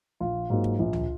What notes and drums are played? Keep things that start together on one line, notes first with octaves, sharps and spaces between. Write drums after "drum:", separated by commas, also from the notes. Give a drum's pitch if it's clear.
A#1 F4
G#2 F#3 A#3
drum: kick
A#1
drum: tom C#2